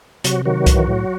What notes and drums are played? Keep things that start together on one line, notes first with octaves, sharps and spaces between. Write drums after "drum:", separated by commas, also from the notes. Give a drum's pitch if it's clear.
C3 F#3 F#4, drum: hi-hat
D#3 F#3 F#4
E3, drum: kick C2, hi-hat
A2